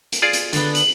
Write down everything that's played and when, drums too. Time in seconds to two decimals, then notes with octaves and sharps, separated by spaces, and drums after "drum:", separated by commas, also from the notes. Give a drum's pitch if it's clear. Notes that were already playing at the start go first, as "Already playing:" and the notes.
0.12 drum: hi-hat
0.22 F4 G#4 D5
0.33 drum: hi-hat
0.53 D3 B3 A6, drum: hi-hat
0.75 F#7, drum: hi-hat